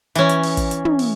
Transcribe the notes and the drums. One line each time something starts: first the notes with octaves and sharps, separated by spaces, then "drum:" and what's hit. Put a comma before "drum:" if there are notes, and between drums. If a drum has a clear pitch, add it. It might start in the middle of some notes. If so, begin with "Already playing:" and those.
E3 C#4, drum: hi-hat
drum: hi-hat
drum: open hi-hat
drum: kick, hi-hat
drum: hi-hat
drum: tom
drum: open hi-hat